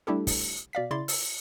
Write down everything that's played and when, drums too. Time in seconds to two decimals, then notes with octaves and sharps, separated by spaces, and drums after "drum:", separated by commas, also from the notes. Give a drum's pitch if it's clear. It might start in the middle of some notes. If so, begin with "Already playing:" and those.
0.07 G3 A3 D4 E4 G4 A4
0.27 drum: kick, open hi-hat
0.73 B2 D5 F5 B6
0.91 C#3 E4 D5 C6 A6
1.08 E6, drum: open hi-hat